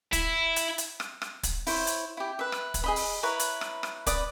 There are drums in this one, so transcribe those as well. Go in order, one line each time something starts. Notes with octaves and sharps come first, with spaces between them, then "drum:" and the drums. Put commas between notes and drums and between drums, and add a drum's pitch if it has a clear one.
E4, drum: kick, hi-hat
drum: hi-hat
drum: hi-hat
drum: rim click
drum: rim click
drum: kick, hi-hat
E4 C5 C#5, drum: open hi-hat
drum: hi-hat
E4 G4
B4 E5
drum: rim click
drum: kick, hi-hat
G#4 D#5 B5
drum: open hi-hat
E4 B4 C#5 A#5
drum: hi-hat
drum: rim click
drum: rim click
B4 D5 D#6, drum: kick, hi-hat